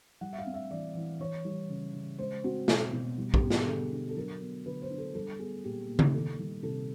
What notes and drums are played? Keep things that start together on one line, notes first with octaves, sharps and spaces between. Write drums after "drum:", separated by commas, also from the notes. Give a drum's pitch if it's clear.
G3 F#5
E5
F5
C4
E5
E3 D5
E3
E3 C#5
G3
C#3
C#3
G#3 C5
C4 F#4
B2, drum: snare
B2
G3
G4, drum: kick A#1
B3
G#4, drum: snare
D3 A4
D4
A4
F#3 A#4
B3
D3 B4
C5
D4
A4
G3 A4
B3 G#4
A#2 G4
A#2
drum: tom C#3
D#3 A4
G3
C3 A4